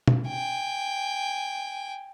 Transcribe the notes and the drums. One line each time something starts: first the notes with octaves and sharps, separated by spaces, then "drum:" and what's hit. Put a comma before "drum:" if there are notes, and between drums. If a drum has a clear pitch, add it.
drum: tom
G5 G#5